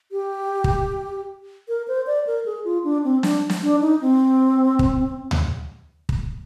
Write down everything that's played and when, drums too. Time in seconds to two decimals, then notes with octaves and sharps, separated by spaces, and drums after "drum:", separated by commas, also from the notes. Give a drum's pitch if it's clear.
0.12 G4
0.64 drum: kick
1.68 A#4
1.88 C5
2.07 D5
2.27 A#4
2.46 G#4
2.65 F4
2.84 D4
3.04 C4
3.23 D4, drum: snare
3.50 drum: snare
3.62 D4
3.82 D#4
4.01 C4
4.79 drum: kick
5.31 drum: tom D2
6.09 drum: kick